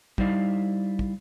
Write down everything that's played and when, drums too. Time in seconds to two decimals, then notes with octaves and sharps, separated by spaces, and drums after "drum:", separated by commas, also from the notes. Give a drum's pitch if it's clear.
0.18 G3 D#4 E4 C5 D5 F5, drum: kick
0.99 drum: kick